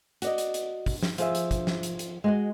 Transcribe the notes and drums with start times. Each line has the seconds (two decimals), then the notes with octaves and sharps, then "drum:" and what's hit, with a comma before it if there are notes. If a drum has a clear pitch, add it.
0.22 F#4 D5 D#5, drum: hi-hat
0.38 drum: hi-hat
0.54 drum: hi-hat
0.86 drum: kick, open hi-hat
1.03 drum: snare
1.18 F3 G#4 E5, drum: hi-hat
1.35 drum: hi-hat
1.51 drum: kick, hi-hat
1.67 drum: snare
1.83 drum: hi-hat
1.99 drum: hi-hat
2.24 G#3 F#4 D#5